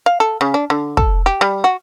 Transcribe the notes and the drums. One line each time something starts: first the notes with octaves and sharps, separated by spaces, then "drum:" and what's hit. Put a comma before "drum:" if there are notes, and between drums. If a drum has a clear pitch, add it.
F5
A4
C#3
D4
D3
A4, drum: kick
G4
G3
F#4